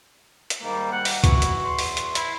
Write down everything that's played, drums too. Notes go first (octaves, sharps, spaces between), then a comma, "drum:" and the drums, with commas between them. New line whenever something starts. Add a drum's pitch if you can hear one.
drum: hi-hat
G#2 D#3 G3 A#3
F#5
drum: open hi-hat
E3 E4 F#4, drum: kick C#2, hi-hat
drum: hi-hat
E2 E5 C6
drum: open hi-hat
drum: hi-hat
E4, drum: hi-hat